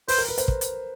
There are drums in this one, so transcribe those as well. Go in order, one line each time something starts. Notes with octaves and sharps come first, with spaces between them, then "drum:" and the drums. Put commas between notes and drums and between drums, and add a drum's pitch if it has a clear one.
B4 C5, drum: open hi-hat
A#4
B4
C5, drum: hi-hat
drum: kick
drum: hi-hat